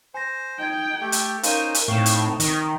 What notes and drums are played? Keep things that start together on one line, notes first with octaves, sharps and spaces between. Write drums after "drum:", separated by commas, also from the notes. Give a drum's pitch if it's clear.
C5 G#5 A#6
D#4 G5 G6 G#6
A3 G4
drum: hi-hat
C#4 D#4 A#4 C5 F5 D#7, drum: hi-hat
drum: hi-hat
A2 C4 D#4 F5 G5 C#6 E7
drum: hi-hat
D#3 D#5, drum: hi-hat